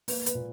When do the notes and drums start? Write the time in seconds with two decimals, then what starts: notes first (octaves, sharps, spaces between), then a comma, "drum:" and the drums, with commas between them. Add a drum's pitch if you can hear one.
0.08 A#3 B4, drum: open hi-hat
0.26 B4, drum: hi-hat
0.35 A#2